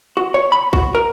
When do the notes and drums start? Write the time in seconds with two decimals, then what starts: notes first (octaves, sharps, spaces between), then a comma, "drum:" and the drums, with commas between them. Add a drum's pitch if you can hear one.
0.17 F#4
0.34 C#5
0.52 B5
0.73 F#4, drum: kick
0.95 A#4